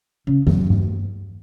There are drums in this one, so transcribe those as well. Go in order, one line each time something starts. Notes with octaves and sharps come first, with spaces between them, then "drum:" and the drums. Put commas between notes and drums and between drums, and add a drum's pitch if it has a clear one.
C#3
F#2, drum: tom D#3
drum: tom G2